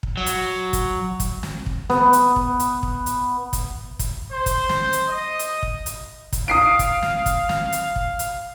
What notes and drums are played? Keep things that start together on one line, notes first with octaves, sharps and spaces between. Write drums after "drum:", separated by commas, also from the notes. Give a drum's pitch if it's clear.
drum: kick
F#3
drum: hi-hat
drum: kick, hi-hat
drum: kick, hi-hat
drum: snare
drum: kick
B3, drum: snare
drum: hi-hat
drum: kick
drum: hi-hat
drum: kick
drum: hi-hat
drum: kick, hi-hat
drum: kick, hi-hat
C5
drum: kick, hi-hat
drum: snare
drum: hi-hat
D#5
drum: hi-hat
drum: kick
drum: hi-hat
drum: kick, hi-hat
F5 D#6 C7 D7
drum: kick, hi-hat
drum: snare
drum: kick, hi-hat
drum: snare
drum: hi-hat
drum: kick
drum: hi-hat